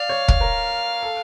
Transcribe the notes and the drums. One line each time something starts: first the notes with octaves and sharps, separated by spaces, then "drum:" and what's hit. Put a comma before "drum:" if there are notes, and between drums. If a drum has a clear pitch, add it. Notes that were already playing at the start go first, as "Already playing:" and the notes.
Already playing: D5 F5
C#5
drum: kick
A#4
A4